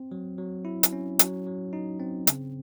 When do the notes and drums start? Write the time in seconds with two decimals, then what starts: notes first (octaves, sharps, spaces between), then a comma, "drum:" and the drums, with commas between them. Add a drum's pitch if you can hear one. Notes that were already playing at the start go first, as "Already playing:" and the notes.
Already playing: C4
0.12 F#3
0.38 F#3
0.65 E4
0.83 drum: hi-hat
0.93 C#4
1.19 F#3, drum: hi-hat
1.47 F#3
1.73 D#4
2.00 C4
2.27 C#3, drum: hi-hat